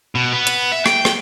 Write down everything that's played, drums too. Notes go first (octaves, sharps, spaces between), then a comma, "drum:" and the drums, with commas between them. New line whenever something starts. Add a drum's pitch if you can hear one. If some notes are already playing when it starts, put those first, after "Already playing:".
B2
B3
drum: hi-hat
E5
G5, drum: rim click
drum: rim click